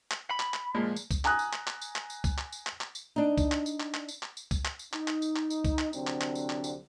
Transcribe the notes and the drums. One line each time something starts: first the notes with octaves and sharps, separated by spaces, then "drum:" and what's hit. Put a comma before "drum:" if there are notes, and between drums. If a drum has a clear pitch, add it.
drum: clap
B5
drum: clap
drum: clap
A#2 F3 G#3
drum: tambourine
drum: kick C#2, tambourine
G#5 A#5 D#6 F#6, drum: clap
drum: tambourine
drum: clap
drum: clap
drum: tambourine
drum: clap
drum: tambourine
drum: kick C#2, tambourine
drum: clap
drum: tambourine
drum: clap
drum: clap
drum: tambourine
D4 D#4
drum: kick C#2, tambourine
drum: clap
drum: tambourine
drum: clap
drum: clap
drum: tambourine
drum: clap
drum: tambourine
drum: kick C#2, tambourine
drum: clap
drum: tambourine
D#4, drum: clap
drum: clap
drum: tambourine
drum: clap
drum: tambourine
drum: kick C#2, tambourine
drum: clap
C2 D3 F#3 C4 D4, drum: tambourine
drum: clap
drum: clap
drum: tambourine
drum: clap
drum: tambourine